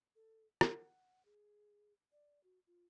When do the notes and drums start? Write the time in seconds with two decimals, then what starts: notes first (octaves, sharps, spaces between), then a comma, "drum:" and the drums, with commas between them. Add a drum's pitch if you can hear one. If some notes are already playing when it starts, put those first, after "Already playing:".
0.15 A4
0.61 F#5, drum: rim click
1.25 G#4
2.12 D5
2.44 F#4
2.67 F4